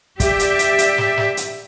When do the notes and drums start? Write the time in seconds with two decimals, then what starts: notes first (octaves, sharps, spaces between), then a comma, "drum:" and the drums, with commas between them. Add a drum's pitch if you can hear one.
0.20 G4 D5 E5, drum: kick, hi-hat
0.39 drum: hi-hat
0.59 drum: hi-hat
0.78 drum: hi-hat
0.98 drum: snare
1.18 drum: snare
1.37 drum: hi-hat